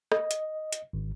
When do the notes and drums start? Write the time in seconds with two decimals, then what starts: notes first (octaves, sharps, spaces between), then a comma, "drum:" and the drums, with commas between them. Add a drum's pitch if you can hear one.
0.12 D#5, drum: rim click
0.31 drum: hi-hat
0.73 drum: hi-hat
0.93 G#1